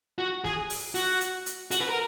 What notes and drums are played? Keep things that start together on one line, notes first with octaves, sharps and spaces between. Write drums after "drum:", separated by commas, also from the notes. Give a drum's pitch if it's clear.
F#4
G#4, drum: snare
drum: open hi-hat
F#4, drum: open hi-hat
drum: hi-hat
drum: hi-hat
F#4, drum: hi-hat
B4
A#4